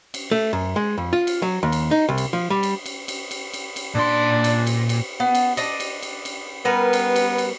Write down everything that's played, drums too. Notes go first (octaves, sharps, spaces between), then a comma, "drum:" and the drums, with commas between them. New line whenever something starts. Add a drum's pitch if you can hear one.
drum: cymbal
A3
F#2
G#3
F2
F4
drum: cymbal
F#3
D#2
drum: cymbal
D#4
C2
drum: cymbal
F3
G3
drum: cymbal
drum: cymbal
drum: cymbal
drum: cymbal
drum: cymbal
drum: cymbal
A#2 D4 C6
drum: cymbal
drum: cymbal
drum: cymbal
B3
drum: cymbal
D4 D5 D#5, drum: cymbal
drum: cymbal
drum: cymbal
drum: cymbal
G3 B3 A#4 B4
drum: cymbal
drum: cymbal
drum: cymbal